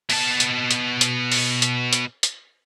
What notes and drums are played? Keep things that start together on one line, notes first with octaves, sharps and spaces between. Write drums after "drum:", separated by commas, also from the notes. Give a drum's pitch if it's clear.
B2 A5, drum: open hi-hat
drum: hi-hat
drum: hi-hat
drum: hi-hat
drum: open hi-hat
drum: hi-hat
drum: hi-hat
drum: hi-hat